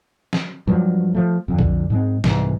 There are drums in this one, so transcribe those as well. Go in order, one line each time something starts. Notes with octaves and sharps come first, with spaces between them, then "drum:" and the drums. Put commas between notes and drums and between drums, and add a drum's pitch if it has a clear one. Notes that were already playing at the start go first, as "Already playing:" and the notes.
drum: snare
G2 F3 F#3
F3 A3
F2 D3
drum: kick B1
G#2 G#3 C4
C2 G#2 E3, drum: snare